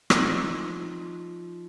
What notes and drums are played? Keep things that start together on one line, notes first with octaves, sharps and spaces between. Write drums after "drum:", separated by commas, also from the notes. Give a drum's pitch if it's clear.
F3 C4 D#4, drum: rim click